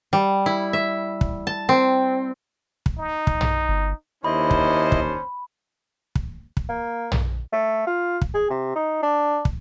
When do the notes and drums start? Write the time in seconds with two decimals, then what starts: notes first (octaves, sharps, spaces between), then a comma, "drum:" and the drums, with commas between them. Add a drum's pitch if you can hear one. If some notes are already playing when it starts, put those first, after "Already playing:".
0.13 G3
0.46 E4
0.73 E5
1.21 drum: kick
1.47 A5
1.69 C4
2.86 drum: kick
2.99 D#4
3.27 drum: kick
3.41 drum: tom
3.68 G1
4.24 D#2 C#4 D4 E4 C5 D#5 B5
4.51 drum: kick
4.92 drum: kick
6.15 drum: kick
6.57 drum: kick
6.69 A#3
7.12 drum: tom
7.53 A3
7.87 F4
8.21 drum: kick
8.34 G#4
8.50 C3
8.76 D#4
9.03 D4
9.45 drum: kick